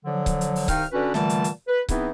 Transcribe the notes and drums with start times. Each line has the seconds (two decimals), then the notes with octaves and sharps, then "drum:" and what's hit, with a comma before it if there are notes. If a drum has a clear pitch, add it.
0.05 D3 F3 F#3
0.26 drum: kick C#1, hi-hat
0.41 drum: hi-hat
0.56 drum: open hi-hat
0.68 C2 D#3 D#4 F5 G5 F6, drum: kick C#1, hi-hat
0.92 D3 C#4 D4 F#4 B4
1.14 A#2 D3 E3 G3 A3 A5, drum: snare
1.29 drum: hi-hat
1.44 drum: hi-hat
1.67 B4
1.89 E3 B3 C4 D#4 E4 G#4, drum: kick C#1, hi-hat